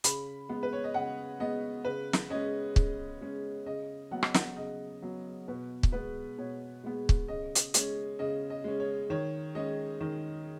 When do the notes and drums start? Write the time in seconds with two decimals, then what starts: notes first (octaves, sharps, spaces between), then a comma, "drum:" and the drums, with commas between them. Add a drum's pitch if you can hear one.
0.04 C#3 B5, drum: hi-hat
0.49 G#3 B3
0.63 B4
0.73 C#5
0.84 D#5
0.94 C#3 F#5
1.39 G#3 B3 D#5
1.85 C#3 B4
2.13 drum: snare
2.30 G#3 C#4 D#5
2.76 C#3, drum: kick
3.21 G#3 C#4
3.66 C#3 D#5
4.11 F#3 B3 F#5
4.23 D#5, drum: rim click
4.34 F#5, drum: snare
4.57 C#3 D#5
5.02 F#3 B3
5.48 B2 B4
5.83 drum: kick
5.92 G#3 B3 B4
6.38 B2 C#5
6.84 G#3 B3
7.09 drum: kick
7.28 C#3 D#5
7.55 drum: hi-hat
7.74 G#3 C#4, drum: hi-hat
8.19 C#3 D#5
8.50 D#5
8.64 G#3 C#4
8.80 C#5
9.10 D#3 C#5
9.55 G#3 C#4 D#5
10.00 D#3